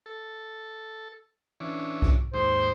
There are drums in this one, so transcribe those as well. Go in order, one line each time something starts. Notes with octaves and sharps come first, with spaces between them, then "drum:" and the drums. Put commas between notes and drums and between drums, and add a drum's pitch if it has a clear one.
A4
E3 C#4 D4
drum: kick B1
D#2 G#2 C5